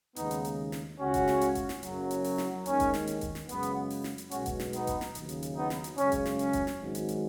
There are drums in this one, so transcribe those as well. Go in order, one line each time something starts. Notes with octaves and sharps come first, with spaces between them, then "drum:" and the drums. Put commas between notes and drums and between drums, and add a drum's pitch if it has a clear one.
D#2 C#3 G#3 B3 D#4, drum: hi-hat
drum: hi-hat
drum: hi-hat
drum: snare
C#2 C#3 G#3 C#4 F#4
drum: kick F#1, hi-hat
drum: snare
drum: hi-hat
drum: kick F#1, hi-hat
drum: snare
F#1 F#2 C#3 F#3, drum: hi-hat
drum: hi-hat
drum: open hi-hat
drum: snare
D#2 D#3 G#3 C#4, drum: hi-hat
drum: kick F#1, hi-hat
drum: snare
drum: hi-hat
drum: kick F#1, hi-hat
drum: snare
F#2 C#3 G#3 B3, drum: hi-hat
drum: hi-hat
drum: open hi-hat
drum: snare
drum: hi-hat
B1 B2 G#3 C#4 F#4, drum: hi-hat
drum: kick F#1, hi-hat
drum: snare
B3 D#4, drum: hi-hat
drum: kick F#1, hi-hat
drum: snare
D#2 C#3 F#3, drum: hi-hat
drum: hi-hat
drum: hi-hat
B3 D#4
drum: snare
drum: hi-hat
F#2 C#3 G#3 C#4, drum: hi-hat
drum: kick F#1, hi-hat
drum: snare
C#4, drum: hi-hat
drum: kick F#1, hi-hat
drum: snare
G#1 G#2 F#3
drum: hi-hat
drum: hi-hat